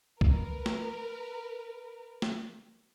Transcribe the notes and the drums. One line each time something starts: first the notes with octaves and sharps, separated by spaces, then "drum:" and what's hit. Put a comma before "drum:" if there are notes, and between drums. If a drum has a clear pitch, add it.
A#4 B4, drum: kick
drum: snare
drum: snare